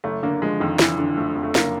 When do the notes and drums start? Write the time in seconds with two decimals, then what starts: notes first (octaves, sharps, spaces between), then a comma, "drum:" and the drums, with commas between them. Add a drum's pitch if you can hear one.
0.04 F#1 A3
0.23 D3 A#3
0.42 F3 G#3
0.60 F2 D#3
0.79 F#1 E3, drum: snare
0.98 D3
1.17 F3 A3
1.36 F2
1.43 A3
1.55 F#1 A#3, drum: snare